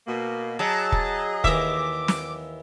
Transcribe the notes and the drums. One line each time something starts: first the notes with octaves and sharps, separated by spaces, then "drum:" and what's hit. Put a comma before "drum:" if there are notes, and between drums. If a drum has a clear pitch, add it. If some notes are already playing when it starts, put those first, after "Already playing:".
B2 A#3
F#3 G#4 D#5 A5
drum: kick
D#2 E3 E5 A#5 D6, drum: kick
drum: snare